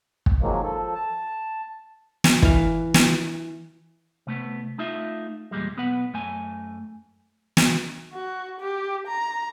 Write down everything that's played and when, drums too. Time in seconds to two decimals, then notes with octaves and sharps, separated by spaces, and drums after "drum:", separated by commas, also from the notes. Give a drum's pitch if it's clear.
0.26 drum: kick
0.41 D#3 F3 F#3 G#3 A#3
0.63 F3 A4
0.95 A5
2.24 drum: snare
2.42 E3 F5, drum: kick
2.94 drum: snare
4.27 C3 A3 B3
4.78 A3 D#4 F4 E5
5.51 E2 A#2 G3 G#3
5.77 B1 B3 B4 F#5
6.14 F#2 A3 G#5
7.57 drum: snare
8.13 F#4
8.60 G4
9.07 A#5